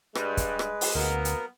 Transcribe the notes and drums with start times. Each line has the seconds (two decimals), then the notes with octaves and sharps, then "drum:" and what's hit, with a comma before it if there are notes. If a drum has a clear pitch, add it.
0.15 G2 G#3 B4, drum: rim click
0.37 drum: kick, hi-hat
0.59 drum: rim click
0.81 drum: open hi-hat
0.95 D2 F#3 A#3 B3 A#4
1.25 drum: hi-hat